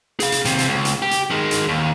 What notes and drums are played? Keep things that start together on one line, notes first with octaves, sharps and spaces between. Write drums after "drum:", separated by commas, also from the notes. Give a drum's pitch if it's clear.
G#4 F5, drum: hi-hat
drum: hi-hat
D#2 C3, drum: hi-hat
drum: hi-hat
C#2
drum: hi-hat
G4
drum: hi-hat
D#3 G#3
drum: hi-hat
D#2